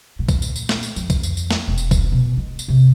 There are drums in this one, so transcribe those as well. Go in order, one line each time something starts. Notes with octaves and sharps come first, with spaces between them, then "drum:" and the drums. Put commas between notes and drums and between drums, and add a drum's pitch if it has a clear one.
A#2
drum: kick, tambourine
drum: tambourine
drum: tambourine
drum: snare
drum: tambourine
F2, drum: tambourine
drum: kick, tambourine
drum: tambourine
drum: tambourine
drum: snare
E1
drum: tambourine
drum: kick, tambourine
B2
G#3
drum: tambourine
C3